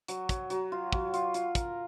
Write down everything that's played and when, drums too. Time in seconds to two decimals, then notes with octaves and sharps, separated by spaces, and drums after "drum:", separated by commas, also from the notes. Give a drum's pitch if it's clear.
0.08 F#3, drum: hi-hat
0.29 F#3, drum: kick, hi-hat
0.50 F#3, drum: hi-hat
0.72 F4
0.92 F#3, drum: kick
1.14 F4, drum: hi-hat
1.34 F4, drum: hi-hat
1.55 A#4, drum: kick, hi-hat